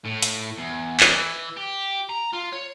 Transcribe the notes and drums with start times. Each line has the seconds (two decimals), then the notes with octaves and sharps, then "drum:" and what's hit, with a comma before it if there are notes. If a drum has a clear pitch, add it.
0.05 A2
0.22 drum: hi-hat
0.57 E2
1.00 E3, drum: clap
1.57 G4
2.10 A#5
2.34 F4
2.53 C#5